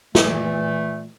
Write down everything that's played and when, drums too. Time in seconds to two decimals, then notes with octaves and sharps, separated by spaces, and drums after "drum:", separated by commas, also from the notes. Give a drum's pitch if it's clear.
0.15 A#2 E3 A3, drum: snare